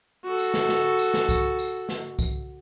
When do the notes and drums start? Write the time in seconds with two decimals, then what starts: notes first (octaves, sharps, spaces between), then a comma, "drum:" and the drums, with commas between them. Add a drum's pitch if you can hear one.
0.24 F#4 A4
0.39 drum: tambourine
0.54 drum: snare
0.69 drum: snare
0.99 drum: tambourine
1.14 drum: snare
1.29 drum: kick C2, tambourine
1.59 drum: tambourine
1.89 drum: snare
2.19 drum: kick C2, tambourine